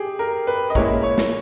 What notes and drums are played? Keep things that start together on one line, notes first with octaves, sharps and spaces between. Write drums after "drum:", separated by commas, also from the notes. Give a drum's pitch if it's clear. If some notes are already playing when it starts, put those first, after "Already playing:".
Already playing: G4 G#4
A#4
B4
D#5
A#2 G#3 C#4 E4 A#4 C#5, drum: kick
C#5
drum: snare